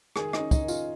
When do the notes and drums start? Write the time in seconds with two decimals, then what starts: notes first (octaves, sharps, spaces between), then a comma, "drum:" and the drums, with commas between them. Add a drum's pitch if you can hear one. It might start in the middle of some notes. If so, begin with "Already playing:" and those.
0.16 D#3 G#4 G#5, drum: rim click
0.33 D#4 D#5, drum: rim click
0.39 C#4
0.51 D#4 D#5, drum: kick, tambourine
0.63 D#3
0.68 F4 F5, drum: tambourine